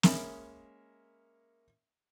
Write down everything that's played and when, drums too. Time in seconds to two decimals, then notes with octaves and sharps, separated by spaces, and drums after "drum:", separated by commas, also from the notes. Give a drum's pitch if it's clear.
0.03 G#3 A#3 C#4 E5 B5, drum: snare